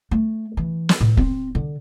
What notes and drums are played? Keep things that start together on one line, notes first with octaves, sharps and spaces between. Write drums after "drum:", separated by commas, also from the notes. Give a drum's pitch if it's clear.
A3
E3
drum: snare
A2
C4, drum: kick
D3